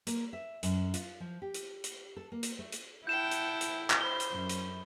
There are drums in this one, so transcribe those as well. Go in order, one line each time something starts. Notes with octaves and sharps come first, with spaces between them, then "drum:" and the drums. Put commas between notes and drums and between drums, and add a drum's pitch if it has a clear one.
A#3, drum: hi-hat
E5
F#2, drum: hi-hat
F4, drum: hi-hat
F3
G4
drum: hi-hat
drum: hi-hat
A4
A#3
drum: hi-hat
A3
drum: hi-hat
E4 F#5 G5 A5 G6 E7
drum: hi-hat
drum: hi-hat
drum: clap
C5 B5 G7
drum: hi-hat
F#2
drum: hi-hat